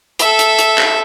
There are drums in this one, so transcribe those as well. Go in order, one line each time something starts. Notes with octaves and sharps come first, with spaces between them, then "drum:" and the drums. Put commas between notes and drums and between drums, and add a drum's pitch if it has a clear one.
A4 E5, drum: hi-hat
drum: hi-hat
drum: hi-hat
drum: clap